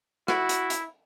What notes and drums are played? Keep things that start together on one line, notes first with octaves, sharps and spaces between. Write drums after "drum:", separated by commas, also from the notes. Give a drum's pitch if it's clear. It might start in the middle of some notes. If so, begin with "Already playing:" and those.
E4 F#4, drum: rim click
drum: hi-hat
drum: hi-hat